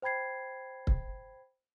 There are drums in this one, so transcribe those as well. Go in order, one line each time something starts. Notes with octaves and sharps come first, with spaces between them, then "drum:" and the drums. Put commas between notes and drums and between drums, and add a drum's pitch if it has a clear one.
C5 G5 B5 G#6 C7
drum: kick C#1